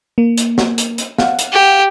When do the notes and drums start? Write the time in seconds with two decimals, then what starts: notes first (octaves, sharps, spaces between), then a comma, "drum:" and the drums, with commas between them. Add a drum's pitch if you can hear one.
0.18 A#3
0.38 drum: hi-hat
0.58 drum: snare
0.78 drum: hi-hat
0.98 drum: hi-hat
1.18 F5 F#5, drum: snare
1.39 drum: hi-hat
1.53 G4